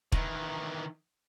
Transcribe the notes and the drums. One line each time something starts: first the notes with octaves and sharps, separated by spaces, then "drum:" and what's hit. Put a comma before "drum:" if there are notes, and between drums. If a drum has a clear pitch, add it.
D#3 E3, drum: kick